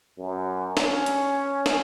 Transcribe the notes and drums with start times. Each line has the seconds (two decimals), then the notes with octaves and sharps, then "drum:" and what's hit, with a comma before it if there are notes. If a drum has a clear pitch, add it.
0.19 F#2
0.77 C#4, drum: snare
1.06 drum: hi-hat
1.66 drum: snare